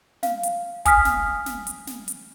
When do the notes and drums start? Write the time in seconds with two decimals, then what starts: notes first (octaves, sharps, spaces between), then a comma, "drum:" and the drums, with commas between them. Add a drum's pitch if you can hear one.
0.23 F5, drum: snare
0.43 drum: hi-hat
0.85 G#5 D#6 F6 B6, drum: kick, hi-hat
1.05 drum: snare
1.46 drum: snare
1.67 drum: hi-hat
1.87 drum: snare
2.08 drum: hi-hat